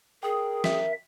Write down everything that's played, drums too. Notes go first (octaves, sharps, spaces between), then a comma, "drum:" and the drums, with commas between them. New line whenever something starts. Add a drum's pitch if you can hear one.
G#4 A#4 G5 D#6
E5, drum: snare